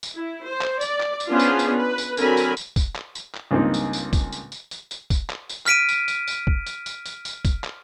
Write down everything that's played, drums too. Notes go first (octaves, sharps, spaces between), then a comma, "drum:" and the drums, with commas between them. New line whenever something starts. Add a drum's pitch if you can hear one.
drum: tambourine
E4
C5
drum: clap
D5, drum: tambourine
drum: clap
drum: tambourine
B3 C#4 D4 F4 G#4 C5
drum: tambourine
drum: tambourine
B4
drum: tambourine
D3 F#3 C4 A#4 G#5 B5, drum: tambourine
drum: tambourine
drum: tambourine
drum: kick, tambourine
drum: clap
drum: tambourine
drum: clap
C#2 G2 A#3 C4 D#4
drum: tambourine
drum: tambourine
drum: kick, tambourine
drum: tambourine
drum: tambourine
drum: tambourine
drum: tambourine
drum: kick, tambourine
drum: clap
drum: tambourine
F6 B6 D7 D#7, drum: clap
drum: tambourine
drum: tambourine
drum: tambourine
drum: kick
drum: tambourine
drum: tambourine
drum: tambourine
drum: tambourine
drum: kick, tambourine
drum: clap